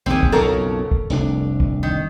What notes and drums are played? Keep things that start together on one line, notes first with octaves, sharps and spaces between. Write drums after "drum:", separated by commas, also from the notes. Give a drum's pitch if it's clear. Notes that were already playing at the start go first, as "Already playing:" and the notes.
A#1 D#2 A#2 C4 G#4
drum: kick
B1 F2 C#3 A4 A#4 C#5
drum: kick
F1 C2 D4
drum: kick
D#3